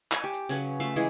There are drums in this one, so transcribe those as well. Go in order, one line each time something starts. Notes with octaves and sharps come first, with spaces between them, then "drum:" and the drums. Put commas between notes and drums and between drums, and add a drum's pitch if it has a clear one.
G#5 A5 C#6, drum: clap
G4
drum: hi-hat
C#3 F#3 C#4 B4
A3 F4 E5 F5
E3 G#3 G#4